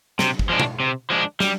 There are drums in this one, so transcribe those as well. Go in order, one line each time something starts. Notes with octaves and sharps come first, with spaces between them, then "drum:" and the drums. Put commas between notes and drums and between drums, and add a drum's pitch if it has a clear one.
C3, drum: snare
drum: kick
F3 G#3 D4
drum: tom B2
C3
F3 G#3 D4
G3, drum: snare